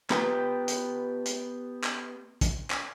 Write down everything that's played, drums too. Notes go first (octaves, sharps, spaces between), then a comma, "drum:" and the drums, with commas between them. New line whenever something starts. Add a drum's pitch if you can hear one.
B3 G4 B4 G5, drum: clap
drum: hi-hat
drum: hi-hat
drum: clap
drum: kick, hi-hat
drum: clap